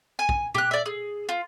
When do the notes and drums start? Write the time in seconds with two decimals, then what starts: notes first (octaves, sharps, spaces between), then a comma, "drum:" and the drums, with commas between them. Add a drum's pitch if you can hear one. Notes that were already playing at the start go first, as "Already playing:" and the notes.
0.19 G#5
0.29 drum: kick
0.55 G4 F#6, drum: tom
0.71 D5 E5
0.86 G#4
1.29 F4